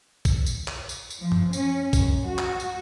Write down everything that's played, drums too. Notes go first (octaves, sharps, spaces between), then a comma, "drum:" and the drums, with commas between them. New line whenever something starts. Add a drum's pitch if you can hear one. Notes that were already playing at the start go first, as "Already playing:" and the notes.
drum: kick A#1, tambourine
drum: tambourine
drum: clap
drum: tambourine
drum: tambourine
F3
drum: tom F#2
C#4, drum: tambourine
F#2, drum: kick A#1, tambourine
F#4
drum: clap
drum: tambourine